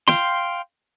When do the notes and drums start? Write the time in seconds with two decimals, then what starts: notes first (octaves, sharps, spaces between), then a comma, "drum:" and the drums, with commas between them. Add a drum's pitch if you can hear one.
0.08 F5 G5 C6, drum: snare